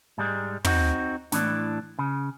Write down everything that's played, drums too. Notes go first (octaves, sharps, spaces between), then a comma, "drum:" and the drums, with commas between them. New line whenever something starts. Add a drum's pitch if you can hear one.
G#2 G3 G#3
C4 D#4 F#4, drum: tom
A2 E3 D4, drum: snare
C#3